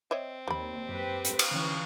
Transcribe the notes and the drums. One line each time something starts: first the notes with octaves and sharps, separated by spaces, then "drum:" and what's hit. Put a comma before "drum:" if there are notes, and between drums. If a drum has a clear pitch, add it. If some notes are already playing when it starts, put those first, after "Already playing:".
C4 C#5 D#5 E5
D#2 G3 B5
F#2 G4 B4 C5
drum: hi-hat
drum: cymbal
D3 E3 C#4